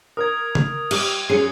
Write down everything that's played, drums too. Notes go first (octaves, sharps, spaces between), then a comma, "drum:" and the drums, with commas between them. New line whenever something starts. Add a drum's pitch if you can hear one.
A#4 D#6 G#6
drum: tom C#3
G4, drum: cymbal
F#2 G#4 C7 C#7